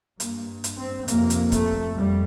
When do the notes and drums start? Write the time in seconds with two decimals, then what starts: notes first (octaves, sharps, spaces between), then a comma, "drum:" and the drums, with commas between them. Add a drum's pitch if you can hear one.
0.20 G2 A#3, drum: hi-hat
0.64 drum: hi-hat
0.79 C4
1.08 F2 C3 A#3, drum: hi-hat
1.30 drum: hi-hat
1.52 A3, drum: kick, hi-hat
1.96 F2 G3